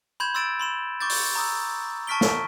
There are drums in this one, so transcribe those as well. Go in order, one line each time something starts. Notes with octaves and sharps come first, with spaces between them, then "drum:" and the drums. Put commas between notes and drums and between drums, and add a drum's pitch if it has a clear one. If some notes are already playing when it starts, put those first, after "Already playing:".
B5 C6 G6 G#6 E7
C6 E6 G6 A6 D7 E7
B5 C6 E7
C#6 D6 G6 A6
drum: open hi-hat
A#5 D#6 E6
A5 C#6 F6 B6 D7 G7
drum: snare